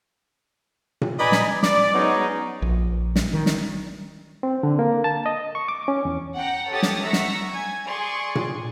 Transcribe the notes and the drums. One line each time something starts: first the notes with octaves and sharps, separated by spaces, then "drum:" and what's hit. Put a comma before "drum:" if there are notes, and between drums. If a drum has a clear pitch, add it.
drum: tom A#2
B4 D5 D#5 G#5 A#5 B5
drum: snare
D5, drum: snare
F#3 G#3 B3 C#4 D#4
A#1
drum: snare
D#3
drum: snare
C4
D3
A#3
A5
D#5
C#6
D6
C#4
E2
F#5 G5 A#5
G4 A4 C#5 D#6 A6
drum: snare
E5 F#5 A#5 C#6 E6
drum: snare
G#5 G#6
G#4 D5 G#5 C6 C#6
drum: tom A#2